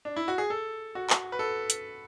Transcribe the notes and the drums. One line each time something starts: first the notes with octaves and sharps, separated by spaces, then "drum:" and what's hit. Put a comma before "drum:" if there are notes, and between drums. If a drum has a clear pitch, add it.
D4
E4
F#4
G#4
A4
F#4
drum: clap
B4
A4
drum: hi-hat